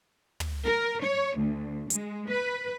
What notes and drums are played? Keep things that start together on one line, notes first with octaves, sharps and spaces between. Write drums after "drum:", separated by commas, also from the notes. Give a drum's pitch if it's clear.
drum: tom
A#4
C#5
D2
G#3, drum: hi-hat
B4